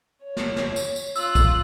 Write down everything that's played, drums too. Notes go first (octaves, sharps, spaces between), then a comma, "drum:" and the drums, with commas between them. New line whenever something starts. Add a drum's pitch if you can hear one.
C#5
drum: snare
drum: snare
drum: tambourine
drum: tambourine
F4 E6 F#6, drum: tambourine
drum: kick B1, tambourine